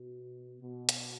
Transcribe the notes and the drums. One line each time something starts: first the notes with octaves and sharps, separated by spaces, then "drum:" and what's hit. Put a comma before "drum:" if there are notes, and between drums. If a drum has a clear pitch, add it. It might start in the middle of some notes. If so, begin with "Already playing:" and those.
Already playing: B2
B2
drum: hi-hat